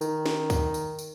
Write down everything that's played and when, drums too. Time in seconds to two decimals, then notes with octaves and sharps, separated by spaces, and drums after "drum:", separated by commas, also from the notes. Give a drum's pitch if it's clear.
0.01 D#3, drum: tambourine
0.26 drum: snare
0.50 drum: kick C#2, tambourine
0.74 drum: tambourine
0.99 drum: tambourine